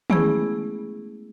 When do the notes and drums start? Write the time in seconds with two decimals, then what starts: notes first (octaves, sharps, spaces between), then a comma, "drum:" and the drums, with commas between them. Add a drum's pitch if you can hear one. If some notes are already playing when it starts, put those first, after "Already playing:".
0.10 G#3 A3 B3 C#4 E4 G#4, drum: tom D#3